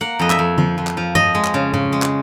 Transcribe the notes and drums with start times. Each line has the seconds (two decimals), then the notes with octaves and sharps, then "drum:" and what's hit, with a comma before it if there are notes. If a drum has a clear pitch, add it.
0.01 A#3 F#5
0.19 F2 D#5
0.30 E5, drum: clap
0.39 F2
0.58 F3, drum: tom
0.78 F2
0.87 drum: clap
0.97 F3
1.15 F3 D#5, drum: tom G2
1.35 G#3
1.44 drum: clap
1.54 C#3
1.74 C#3, drum: tom G#2
1.93 G#3
2.02 drum: clap